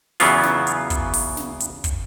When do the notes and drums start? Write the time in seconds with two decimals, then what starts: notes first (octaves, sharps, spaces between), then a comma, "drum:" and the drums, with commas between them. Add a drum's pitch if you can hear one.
0.20 E2 C#3 E3 F#3 B3 F4, drum: open hi-hat
0.43 drum: snare
0.67 drum: hi-hat
0.90 drum: kick, hi-hat
1.14 drum: open hi-hat
1.37 drum: snare
1.60 drum: hi-hat
1.84 drum: kick, hi-hat